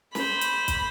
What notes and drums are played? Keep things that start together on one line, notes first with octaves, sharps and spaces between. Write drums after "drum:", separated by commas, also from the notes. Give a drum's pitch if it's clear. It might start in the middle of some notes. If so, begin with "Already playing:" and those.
C5 B5, drum: snare
drum: hi-hat
drum: kick, hi-hat